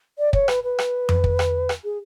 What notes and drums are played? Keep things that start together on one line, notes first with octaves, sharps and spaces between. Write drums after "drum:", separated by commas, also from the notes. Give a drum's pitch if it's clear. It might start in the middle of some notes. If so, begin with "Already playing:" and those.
D5
C#5, drum: kick
B4, drum: rim click
B4
drum: rim click
drum: tom F2
drum: kick
drum: rim click
drum: rim click
G#4